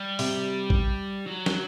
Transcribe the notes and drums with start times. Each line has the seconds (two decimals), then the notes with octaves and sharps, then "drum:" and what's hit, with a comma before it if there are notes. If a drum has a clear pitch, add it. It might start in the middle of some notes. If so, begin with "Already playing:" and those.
Already playing: G3
0.19 C3, drum: open hi-hat
0.70 drum: kick A1
1.26 F#3
1.46 drum: snare